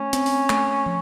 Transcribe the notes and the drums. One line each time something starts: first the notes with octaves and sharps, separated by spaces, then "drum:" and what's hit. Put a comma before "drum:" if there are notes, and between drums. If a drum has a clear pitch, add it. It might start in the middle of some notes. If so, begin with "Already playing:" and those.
Already playing: A3 C#4
C4, drum: hi-hat
drum: open hi-hat
A3, drum: clap
F3